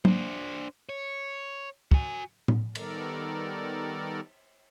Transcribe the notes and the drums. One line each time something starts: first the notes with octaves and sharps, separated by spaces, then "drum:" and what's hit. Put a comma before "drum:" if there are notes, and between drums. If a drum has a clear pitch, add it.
D4 C5, drum: tom F#3
C#5
F#4 G#5, drum: kick
drum: tom A2
D#3 G3 B3 A4 A#4 D5, drum: cymbal